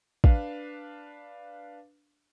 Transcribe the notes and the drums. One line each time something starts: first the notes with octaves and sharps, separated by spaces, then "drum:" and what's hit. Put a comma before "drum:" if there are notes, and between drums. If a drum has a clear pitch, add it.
D4 B4 F5, drum: kick